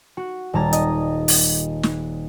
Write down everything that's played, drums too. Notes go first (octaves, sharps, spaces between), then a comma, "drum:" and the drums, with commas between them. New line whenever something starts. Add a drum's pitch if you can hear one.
F#4
D#1 G3 A5 A#5 G#6 A6
D#5, drum: hi-hat
drum: open hi-hat
drum: snare